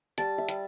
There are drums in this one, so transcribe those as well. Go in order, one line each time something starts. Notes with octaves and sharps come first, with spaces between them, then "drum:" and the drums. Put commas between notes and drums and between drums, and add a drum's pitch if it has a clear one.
G3 A5, drum: hi-hat
E5
G3, drum: hi-hat